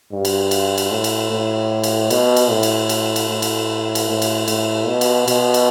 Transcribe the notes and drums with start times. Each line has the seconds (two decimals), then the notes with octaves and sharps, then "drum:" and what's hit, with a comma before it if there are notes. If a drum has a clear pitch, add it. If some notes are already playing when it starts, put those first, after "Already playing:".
0.12 G2
0.25 drum: cymbal
0.51 drum: cymbal
0.78 drum: cymbal
0.91 A2
1.04 drum: cymbal
1.31 A2
1.84 drum: cymbal
2.10 B2, drum: cymbal
2.36 drum: cymbal
2.50 A2
2.63 drum: cymbal
2.89 drum: cymbal
3.16 drum: cymbal
3.29 A2
3.42 drum: cymbal
3.95 drum: cymbal
4.09 A2
4.22 drum: cymbal
4.48 A2, drum: cymbal
4.87 B2
5.01 drum: cymbal
5.28 B2, drum: cymbal
5.54 drum: cymbal